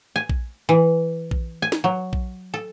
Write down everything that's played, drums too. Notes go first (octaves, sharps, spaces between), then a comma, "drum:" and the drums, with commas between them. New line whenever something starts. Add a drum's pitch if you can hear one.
G#5
drum: kick A#1
E3
drum: kick A#1
G#5
drum: snare
F#3
drum: kick A#1
A4